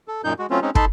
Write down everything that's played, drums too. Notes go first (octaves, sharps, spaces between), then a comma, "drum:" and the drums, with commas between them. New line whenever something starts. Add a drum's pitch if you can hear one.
A4
F#2 A#2 D#4 G6
G#3 F#4
F#3 A3 C4 C#4 F4
G#3 C4 C#4 D#4
D#4 A4 A5 B5 C6, drum: kick